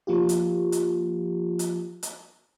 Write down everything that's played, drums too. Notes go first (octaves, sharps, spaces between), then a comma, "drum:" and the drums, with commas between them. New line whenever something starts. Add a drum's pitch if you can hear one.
F3 A#3 F4 G4
drum: hi-hat
drum: hi-hat
drum: hi-hat
drum: hi-hat